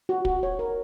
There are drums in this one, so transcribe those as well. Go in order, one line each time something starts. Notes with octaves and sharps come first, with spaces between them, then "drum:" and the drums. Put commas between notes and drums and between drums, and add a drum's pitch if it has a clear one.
F#4
F#4, drum: kick
C#5
A#4